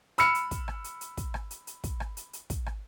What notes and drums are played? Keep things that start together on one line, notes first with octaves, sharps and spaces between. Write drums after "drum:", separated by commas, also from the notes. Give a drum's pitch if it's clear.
B5 E6 F6 C#7, drum: hi-hat
drum: hi-hat
drum: kick, hi-hat
drum: rim click
drum: hi-hat
drum: hi-hat
drum: kick, hi-hat
drum: rim click
drum: hi-hat
drum: hi-hat
drum: kick, hi-hat
drum: rim click
drum: hi-hat
drum: hi-hat
drum: kick, hi-hat
drum: rim click